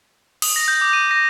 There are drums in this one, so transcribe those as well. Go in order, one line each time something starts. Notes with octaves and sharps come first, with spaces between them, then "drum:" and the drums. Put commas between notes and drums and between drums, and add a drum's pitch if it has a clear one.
D#6, drum: cymbal
A#6
G6
D6
D#7
A#6